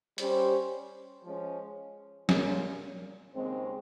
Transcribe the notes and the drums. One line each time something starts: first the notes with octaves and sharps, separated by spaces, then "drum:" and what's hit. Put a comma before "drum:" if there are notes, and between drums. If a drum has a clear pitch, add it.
G3 C#4 G4 C5, drum: hi-hat
F3 G#3 C#4
A#2 G3 A#3 C#4, drum: snare
D#2 C#3 G#3 C4